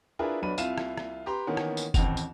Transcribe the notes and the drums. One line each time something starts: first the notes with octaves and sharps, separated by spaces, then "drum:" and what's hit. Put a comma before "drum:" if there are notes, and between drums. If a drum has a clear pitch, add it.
D4 E4 F4 G#4 A#4 B4
B1 F#3 D4 B4 B5 D#7
C2 E4 F4 F5 D#7 E7, drum: tambourine
drum: rim click
drum: rim click
G4 B4 A#5 C6
D#3 E3 A#3 B3 C#4
drum: rim click
drum: tambourine
A1 D#2 C4 F#5 F7, drum: kick, tambourine
drum: tambourine